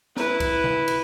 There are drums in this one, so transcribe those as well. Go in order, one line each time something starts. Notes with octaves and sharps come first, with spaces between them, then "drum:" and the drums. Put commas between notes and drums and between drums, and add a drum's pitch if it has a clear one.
E4 B4, drum: snare
drum: kick C2, cymbal
drum: tom B2
drum: cymbal